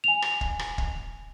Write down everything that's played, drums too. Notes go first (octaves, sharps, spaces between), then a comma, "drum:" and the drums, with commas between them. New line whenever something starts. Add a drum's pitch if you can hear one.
G#5 F7
drum: rim click
drum: kick
drum: rim click
drum: kick